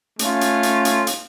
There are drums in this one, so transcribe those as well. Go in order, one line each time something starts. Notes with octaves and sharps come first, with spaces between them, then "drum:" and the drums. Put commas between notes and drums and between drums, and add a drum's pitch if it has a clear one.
A3 C#4 F4, drum: hi-hat
drum: hi-hat
drum: hi-hat
drum: hi-hat
drum: hi-hat